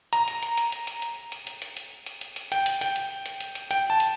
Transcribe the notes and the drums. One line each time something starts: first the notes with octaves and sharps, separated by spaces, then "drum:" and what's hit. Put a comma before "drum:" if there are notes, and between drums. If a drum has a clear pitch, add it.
A#5, drum: hi-hat
drum: hi-hat
drum: hi-hat
drum: hi-hat
drum: hi-hat
drum: hi-hat
drum: hi-hat
drum: hi-hat
drum: hi-hat
drum: hi-hat
drum: hi-hat
drum: hi-hat
drum: hi-hat
drum: hi-hat
G5, drum: hi-hat
drum: hi-hat
G5, drum: hi-hat
drum: hi-hat
drum: hi-hat
drum: hi-hat
drum: hi-hat
G5, drum: hi-hat
A5
drum: hi-hat